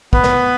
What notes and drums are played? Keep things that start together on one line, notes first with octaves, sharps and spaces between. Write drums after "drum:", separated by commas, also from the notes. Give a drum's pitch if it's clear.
B3 B4, drum: kick
drum: snare